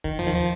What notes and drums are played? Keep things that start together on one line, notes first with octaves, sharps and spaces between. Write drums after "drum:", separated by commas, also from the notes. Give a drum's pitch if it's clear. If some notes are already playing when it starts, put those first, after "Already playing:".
D#3, drum: kick
F3, drum: tom D#2
D#3
F3